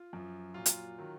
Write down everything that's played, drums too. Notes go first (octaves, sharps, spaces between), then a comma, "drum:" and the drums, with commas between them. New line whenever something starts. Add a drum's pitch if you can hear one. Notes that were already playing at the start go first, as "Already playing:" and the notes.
Already playing: F4
F#2 F3
A#2 F#3 F4
drum: hi-hat
D#3 F#3